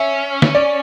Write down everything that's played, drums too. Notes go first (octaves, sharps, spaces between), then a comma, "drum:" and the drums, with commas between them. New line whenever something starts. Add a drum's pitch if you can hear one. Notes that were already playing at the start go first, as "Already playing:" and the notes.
Already playing: C#4 E5
drum: snare
D5